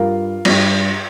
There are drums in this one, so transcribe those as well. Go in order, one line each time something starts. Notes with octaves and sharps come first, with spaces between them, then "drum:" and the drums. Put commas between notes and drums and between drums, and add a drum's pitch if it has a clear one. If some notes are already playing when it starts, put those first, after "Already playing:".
Already playing: G2 G3 F4 A#4
G2 G3, drum: cymbal